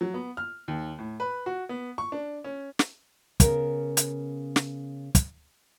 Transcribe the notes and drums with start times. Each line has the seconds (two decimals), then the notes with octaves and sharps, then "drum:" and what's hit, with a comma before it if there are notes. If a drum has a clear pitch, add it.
0.01 F#3
0.14 B3
0.37 F6
0.68 D#2
0.99 A2
1.20 B4
1.46 F#4
1.69 B3
1.98 C#6
2.12 D4
2.44 C#4
2.79 drum: snare
3.40 C#3 B3 C#4 A#4, drum: kick, hi-hat
3.97 drum: hi-hat
4.56 drum: snare
5.15 drum: kick, hi-hat